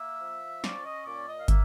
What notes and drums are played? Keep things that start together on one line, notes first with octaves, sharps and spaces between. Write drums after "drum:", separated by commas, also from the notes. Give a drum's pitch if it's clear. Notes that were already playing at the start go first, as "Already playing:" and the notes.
Already playing: A#3 E5
F3
C#4 D5, drum: snare
D#5
A#2 D5
D#5
F5
A#3 E5, drum: kick, hi-hat